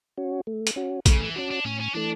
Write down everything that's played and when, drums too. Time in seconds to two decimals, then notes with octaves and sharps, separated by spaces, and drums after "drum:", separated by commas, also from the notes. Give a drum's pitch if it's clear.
0.18 C#4 F#4
0.47 A3
0.67 drum: hi-hat
0.76 C#4 F#4
1.06 C#3 A3, drum: kick, hi-hat
1.21 E3
1.36 C#4 D4 F#4
1.51 D4
1.65 A2 C#4
1.80 C#4
1.94 E3 A3 D4